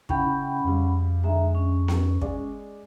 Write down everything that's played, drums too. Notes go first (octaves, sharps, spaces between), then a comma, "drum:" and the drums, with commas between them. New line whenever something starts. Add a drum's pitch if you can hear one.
C#3 C#4 E4 F#5 G5 B5, drum: kick
F2 C#3 G3
D3 G#3 E5 A#5
C#4
drum: snare B3
G#3 D5, drum: kick